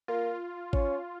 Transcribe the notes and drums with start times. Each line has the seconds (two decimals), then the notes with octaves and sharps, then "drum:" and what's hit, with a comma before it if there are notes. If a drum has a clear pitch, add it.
0.08 A#3 F4
0.73 C#4, drum: kick G#1